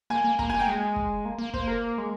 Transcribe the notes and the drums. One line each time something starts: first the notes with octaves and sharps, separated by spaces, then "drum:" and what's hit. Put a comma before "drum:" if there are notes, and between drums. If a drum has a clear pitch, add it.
A#3 G#5
A#3
A#3 A#5, drum: kick
A#3 G#5
G5
G#3 G#5
drum: kick
A#3
A#3
A#3 C5, drum: kick
A#4
G#3